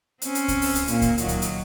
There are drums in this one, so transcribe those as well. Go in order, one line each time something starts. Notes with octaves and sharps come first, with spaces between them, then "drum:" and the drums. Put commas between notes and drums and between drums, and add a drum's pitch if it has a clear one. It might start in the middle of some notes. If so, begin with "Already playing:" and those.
C4 C#4, drum: hi-hat
drum: hi-hat
drum: kick C#2, hi-hat
drum: open hi-hat
drum: hi-hat
A#2 A#3, drum: hi-hat
drum: kick C#2, hi-hat
A#2 D#3 F#3, drum: hi-hat
drum: hi-hat
drum: hi-hat